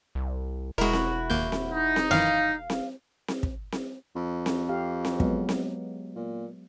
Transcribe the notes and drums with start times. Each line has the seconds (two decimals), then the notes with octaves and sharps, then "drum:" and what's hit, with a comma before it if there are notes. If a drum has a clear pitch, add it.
0.15 C2
0.78 E1 G#3 E4 F#4 A#4
0.93 drum: snare C4
1.30 D#2 A#3 G6
1.52 drum: snare C4
1.72 D#4
1.96 drum: snare C4
2.11 F#2 D#3 E3 F5
2.70 drum: snare C4
3.28 drum: snare C4
3.43 drum: kick
3.72 drum: snare C4
4.16 F2
4.46 drum: snare C4
4.69 G4 F5
5.05 drum: snare C4
5.20 F#3 G#3 B3, drum: kick
5.49 drum: snare C4
6.16 A#2